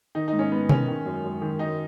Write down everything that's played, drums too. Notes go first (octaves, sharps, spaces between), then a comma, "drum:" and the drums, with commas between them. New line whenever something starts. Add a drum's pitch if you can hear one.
D#3 D#4
G#2 D#4
C#4
G#2 B3
D#3 C#4, drum: tom B2
D#3
F#2
F#2
D#3
D#3 D#4